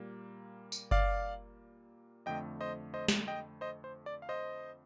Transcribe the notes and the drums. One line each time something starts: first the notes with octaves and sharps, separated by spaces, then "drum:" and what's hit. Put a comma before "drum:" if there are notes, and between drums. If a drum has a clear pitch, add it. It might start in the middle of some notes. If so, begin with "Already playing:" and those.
Already playing: A#2 G3 A#3
drum: tambourine
D5 F5, drum: kick F#1
F2 D3 A3 D#5 G5
C5 D#5
C5 D#5
drum: snare
D#5 G5
C5 D#5
C5
D5
F5
C5 D#5